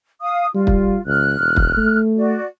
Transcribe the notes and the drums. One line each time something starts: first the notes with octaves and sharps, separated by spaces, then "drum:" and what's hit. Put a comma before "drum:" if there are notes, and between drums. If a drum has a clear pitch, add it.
F5 D#6
G3 F4
drum: kick
C#2 F6 F#6
E1
drum: kick
A3
F#4 D5